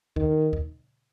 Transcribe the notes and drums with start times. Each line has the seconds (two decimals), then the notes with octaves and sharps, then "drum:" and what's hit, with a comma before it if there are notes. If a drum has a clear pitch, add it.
0.16 D#3, drum: kick
0.53 drum: kick